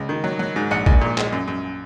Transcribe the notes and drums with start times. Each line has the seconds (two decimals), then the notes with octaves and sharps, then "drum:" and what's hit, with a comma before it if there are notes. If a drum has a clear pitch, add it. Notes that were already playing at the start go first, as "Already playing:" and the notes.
Already playing: C#2
0.09 D#3
0.24 F#3
0.39 F#3
0.56 G#2
0.71 A#1 F#5
0.86 A#1, drum: kick A1
1.01 A#2
1.18 G#3, drum: clap
1.33 F#2
1.48 F#2